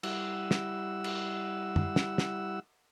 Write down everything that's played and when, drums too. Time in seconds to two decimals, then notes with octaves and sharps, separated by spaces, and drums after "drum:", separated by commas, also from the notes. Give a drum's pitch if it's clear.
0.03 G3 E4 F#5 E6, drum: cymbal
0.51 drum: snare
1.04 drum: cymbal
1.76 drum: tom F#2
1.96 drum: snare
2.18 drum: snare